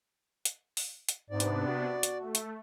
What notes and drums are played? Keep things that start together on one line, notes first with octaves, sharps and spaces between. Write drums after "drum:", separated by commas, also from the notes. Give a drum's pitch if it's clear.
drum: hi-hat
drum: open hi-hat
drum: hi-hat
G#2 C3 B3 D4 D5
drum: hi-hat
F#4
drum: hi-hat
A3
drum: hi-hat